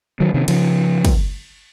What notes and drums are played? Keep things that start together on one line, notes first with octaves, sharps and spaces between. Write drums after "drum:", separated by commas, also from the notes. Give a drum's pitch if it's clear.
D#3 F#3
C3 D#3
C#3 F3, drum: cymbal
drum: kick, cymbal